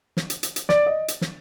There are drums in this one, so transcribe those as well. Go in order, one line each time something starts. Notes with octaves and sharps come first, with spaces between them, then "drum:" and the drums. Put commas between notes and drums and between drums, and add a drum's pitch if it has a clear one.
drum: snare
drum: hi-hat
drum: hi-hat
drum: hi-hat
D5, drum: snare
D#5
drum: hi-hat
drum: snare